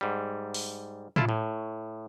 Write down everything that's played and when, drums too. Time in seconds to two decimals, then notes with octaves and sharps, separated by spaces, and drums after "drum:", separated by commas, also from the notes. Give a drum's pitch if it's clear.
0.01 G#2 G3
0.54 drum: open hi-hat
1.16 E4 F4 A5, drum: tom A2
1.29 A2